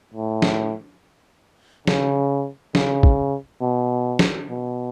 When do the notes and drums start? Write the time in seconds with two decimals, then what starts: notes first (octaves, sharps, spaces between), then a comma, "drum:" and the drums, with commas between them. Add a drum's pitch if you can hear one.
0.14 A2
0.42 drum: snare
1.87 C#3, drum: snare
2.75 C#3, drum: snare
3.03 drum: kick
3.61 B2
4.19 drum: snare
4.49 B2